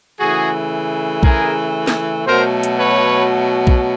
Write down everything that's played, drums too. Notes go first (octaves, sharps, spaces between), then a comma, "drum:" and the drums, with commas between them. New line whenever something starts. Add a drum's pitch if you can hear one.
C#3 E3 A3 F#4 G#4
G#4 A#4, drum: kick B1
drum: snare
B2 F#3 A3 A#4 C5
drum: hi-hat
B4 C#5
drum: kick B1